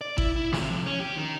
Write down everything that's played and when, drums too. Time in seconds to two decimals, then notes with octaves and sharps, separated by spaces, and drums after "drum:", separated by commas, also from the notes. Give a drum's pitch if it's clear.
0.01 D5
0.18 E4, drum: kick
0.36 E4
0.53 C3, drum: snare
0.70 F2
0.86 C#4
1.00 G4
1.17 D#3